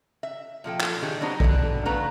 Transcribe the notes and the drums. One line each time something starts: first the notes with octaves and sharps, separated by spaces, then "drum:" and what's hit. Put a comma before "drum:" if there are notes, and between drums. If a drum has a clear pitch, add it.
E5
A#2 F3 A4 G5
drum: clap
D#3 D4 G4 G#4
F#3 B3 D4 D#4 C5
B2 E3 D4 A4, drum: kick
C#3 A3 B3 B4 F5 A#5